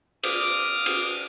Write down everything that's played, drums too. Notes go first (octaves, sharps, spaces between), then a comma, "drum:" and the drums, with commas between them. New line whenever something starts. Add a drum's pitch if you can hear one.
D6 D#6 F6, drum: cymbal
drum: cymbal